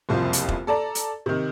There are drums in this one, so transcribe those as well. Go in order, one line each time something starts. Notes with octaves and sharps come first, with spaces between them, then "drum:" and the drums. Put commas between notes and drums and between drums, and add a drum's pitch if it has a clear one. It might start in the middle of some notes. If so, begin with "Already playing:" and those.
F#1 C2 F2 F4 C5
drum: hi-hat
drum: kick F1
A4 D5 A5 A#5
drum: hi-hat
C3 D#3